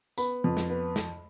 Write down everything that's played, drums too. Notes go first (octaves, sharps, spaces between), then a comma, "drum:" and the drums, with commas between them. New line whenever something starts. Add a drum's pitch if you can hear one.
B3 B5, drum: tambourine
F2
drum: snare
B3
drum: snare